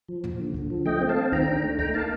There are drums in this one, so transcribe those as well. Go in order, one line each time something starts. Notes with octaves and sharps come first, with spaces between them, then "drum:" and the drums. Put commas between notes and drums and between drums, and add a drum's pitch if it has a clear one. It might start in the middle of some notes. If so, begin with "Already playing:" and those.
F3
A#2, drum: tom
D3
D3, drum: kick C#2
F3
A3 D#5 G5
C4
F5 A5
C4
D#3 G5 A#5, drum: kick C#2
D4
A3
D#4 G5 A#5, drum: kick C#2
A#3 F5 A5